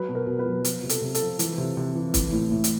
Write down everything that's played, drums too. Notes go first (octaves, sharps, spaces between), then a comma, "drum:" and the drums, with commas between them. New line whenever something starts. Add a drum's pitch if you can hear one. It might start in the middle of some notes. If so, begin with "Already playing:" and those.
Already playing: F#3 B4
B2
A#4
B2
B4
F#3
F3, drum: hi-hat
C3
A4, drum: hi-hat
C3
A4, drum: hi-hat
F3
E3, drum: hi-hat
C3
C3
E3
E3, drum: kick, hi-hat
A2
A2
drum: hi-hat